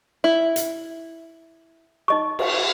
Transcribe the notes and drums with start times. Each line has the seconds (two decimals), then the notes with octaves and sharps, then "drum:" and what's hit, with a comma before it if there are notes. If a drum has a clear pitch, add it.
0.24 E4
0.56 drum: hi-hat
2.08 D#4 D#5 C#6
2.39 drum: cymbal